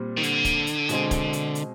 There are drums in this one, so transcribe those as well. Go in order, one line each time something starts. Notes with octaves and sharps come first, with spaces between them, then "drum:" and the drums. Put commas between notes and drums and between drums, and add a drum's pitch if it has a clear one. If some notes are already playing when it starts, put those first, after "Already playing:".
Already playing: A#2 G3 C4
D#3
D3, drum: hi-hat
drum: kick, hi-hat
drum: hi-hat
B2 G#3 C4, drum: hi-hat
drum: kick, hi-hat
drum: hi-hat
drum: hi-hat